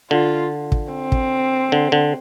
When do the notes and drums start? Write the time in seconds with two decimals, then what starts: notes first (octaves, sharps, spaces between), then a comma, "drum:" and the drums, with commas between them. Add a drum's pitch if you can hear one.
0.11 D3 F4
0.72 drum: kick
0.92 C4
1.12 drum: kick
1.72 D3
1.92 D3